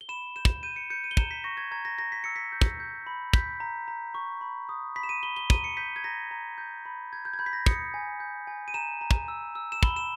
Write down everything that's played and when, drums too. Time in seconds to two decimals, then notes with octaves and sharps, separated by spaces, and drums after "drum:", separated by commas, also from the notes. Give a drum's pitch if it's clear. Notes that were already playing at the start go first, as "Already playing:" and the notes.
0.01 G7
0.09 B5 E7
0.36 G6 E7
0.45 drum: kick
0.63 G6 D#7
0.76 C#7
0.90 G6 C#7
1.04 D#7
1.11 G7
1.17 A#5 E7, drum: kick
1.31 B6
1.44 C#6 A#6
1.57 G#6
1.71 A#5 G#6
1.85 A#6
1.98 A#5 A#6
2.12 B6
2.24 E6 C#7
2.36 B6
2.52 G6
2.61 drum: kick
2.80 G6
3.07 B5
3.33 G6 B6, drum: kick
3.60 A#5
3.88 A#5
4.14 C#6
4.41 B5
4.69 D#6
4.96 B5 B6
5.03 E7
5.09 D#7
5.23 B5 G7
5.36 G7
5.50 A#5 D#7, drum: kick
5.64 C#7
5.77 G6 B6
5.96 G#6
6.04 A#5 A#6
6.31 A#5
6.58 G6
6.86 B5
7.13 G6 G#6
7.25 G6
7.33 G#6
7.39 B5 G6
7.46 B6
7.53 A#6
7.66 D#6 C#7, drum: kick
7.94 G#5
8.20 G6
8.47 G#5
8.68 D#7
8.74 A#5 E7
9.01 A#5
9.11 drum: kick
9.28 E6
9.55 E6
9.72 E7
9.83 B5 G7, drum: kick
9.96 E7